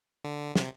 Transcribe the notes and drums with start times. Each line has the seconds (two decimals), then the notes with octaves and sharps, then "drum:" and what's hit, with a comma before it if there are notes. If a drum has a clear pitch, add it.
0.24 D3
0.56 C3, drum: snare